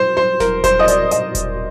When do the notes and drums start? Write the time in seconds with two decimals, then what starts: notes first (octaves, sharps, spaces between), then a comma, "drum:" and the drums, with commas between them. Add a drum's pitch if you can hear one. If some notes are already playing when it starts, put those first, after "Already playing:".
Already playing: C5
0.17 C5
0.40 A#4, drum: snare E1
0.64 C5, drum: kick E1, hi-hat
0.79 D#5
0.88 D5, drum: hi-hat
1.11 D#5, drum: hi-hat
1.35 drum: kick E1, hi-hat